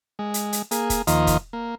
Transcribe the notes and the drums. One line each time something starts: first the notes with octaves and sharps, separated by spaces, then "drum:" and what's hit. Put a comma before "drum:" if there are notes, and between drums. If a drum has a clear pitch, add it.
G#3
drum: hi-hat
drum: hi-hat
A#3 G#4, drum: hi-hat
drum: kick, hi-hat
D#2 D#3 F3 A#3 F4 D#5, drum: hi-hat
drum: kick, hi-hat
A#3